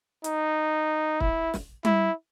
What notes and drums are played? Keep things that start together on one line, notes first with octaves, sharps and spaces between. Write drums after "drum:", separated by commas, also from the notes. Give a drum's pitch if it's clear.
D#4, drum: hi-hat
E4, drum: kick
drum: snare
E4, drum: tom G3